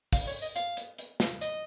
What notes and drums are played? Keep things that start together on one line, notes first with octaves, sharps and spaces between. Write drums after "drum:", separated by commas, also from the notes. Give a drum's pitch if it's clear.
F5, drum: kick, open hi-hat
C#5
D#5
F5, drum: hi-hat
drum: hi-hat
drum: hi-hat
drum: snare
D#5, drum: hi-hat